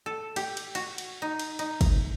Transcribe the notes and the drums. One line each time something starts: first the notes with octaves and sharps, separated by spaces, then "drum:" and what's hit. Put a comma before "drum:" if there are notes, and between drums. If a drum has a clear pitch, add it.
A4
G4, drum: cymbal
drum: cymbal
F#4, drum: cymbal
drum: cymbal
D#4
drum: cymbal
D#4, drum: cymbal
drum: kick, cymbal